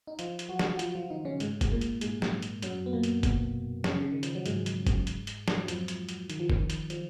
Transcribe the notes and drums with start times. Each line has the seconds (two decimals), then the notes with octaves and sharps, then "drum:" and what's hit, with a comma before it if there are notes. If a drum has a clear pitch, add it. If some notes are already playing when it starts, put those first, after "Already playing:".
0.07 D#4
0.19 F3 F4, drum: hi-hat
0.39 drum: hi-hat
0.49 F#3 F#4
0.59 drum: snare
0.71 F#4
0.79 F3 F4, drum: hi-hat
0.95 F3 F4
1.10 D#3 D#4
1.25 C#3 C#4
1.40 G#2 G#3, drum: hi-hat
1.61 drum: kick F#1, hi-hat
1.71 A#2 A#3
1.81 drum: hi-hat
2.01 G#2 G#3, drum: hi-hat
2.22 drum: snare
2.42 drum: hi-hat
2.62 F#2 F#3, drum: hi-hat
2.86 B3
2.93 A#2 A#3
3.03 drum: hi-hat
3.23 B2 B3, drum: kick F#1, hi-hat
3.84 C#3 C#4, drum: snare
4.00 C#3
4.12 D#3
4.23 F3, drum: hi-hat
4.35 F#3
4.46 G#2 G#3, drum: hi-hat
4.66 drum: hi-hat
4.87 drum: kick F#1, hi-hat
5.07 drum: hi-hat
5.27 drum: hi-hat
5.48 drum: snare
5.59 F#3
5.68 F2 F3, drum: hi-hat
5.88 drum: hi-hat
6.09 drum: hi-hat
6.30 D#3, drum: hi-hat
6.40 F3
6.50 D#3, drum: kick F#1
6.70 drum: hi-hat
6.90 F3, drum: hi-hat